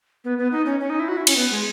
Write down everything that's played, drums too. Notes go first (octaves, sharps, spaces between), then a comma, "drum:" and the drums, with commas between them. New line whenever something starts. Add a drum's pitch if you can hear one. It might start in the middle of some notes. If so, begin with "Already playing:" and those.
B3
B3
D#4
C#4
C#4
D#4
E4
F#4
E4
C#4, drum: cymbal
B3
G#3